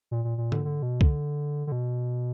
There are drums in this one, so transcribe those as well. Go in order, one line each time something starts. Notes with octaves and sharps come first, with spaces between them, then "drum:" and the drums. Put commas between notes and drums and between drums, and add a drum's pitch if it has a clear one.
A#2
A#2
A#2
D3, drum: tom G#2
D3
B2
D3, drum: kick C2
D3
B2